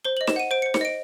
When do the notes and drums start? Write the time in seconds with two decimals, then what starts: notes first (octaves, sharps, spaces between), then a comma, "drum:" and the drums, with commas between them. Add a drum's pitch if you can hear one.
0.05 C5 G7
0.17 F#7
0.21 D#5
0.27 E7, drum: snare
0.36 F#5 D#7
0.51 C5 D7
0.62 C#7
0.66 C5
0.74 C#7, drum: snare
0.81 D#5 D7